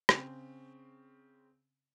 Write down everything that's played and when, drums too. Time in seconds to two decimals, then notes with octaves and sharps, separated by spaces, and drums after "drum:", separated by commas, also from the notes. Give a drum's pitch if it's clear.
0.09 C#3 C4, drum: rim click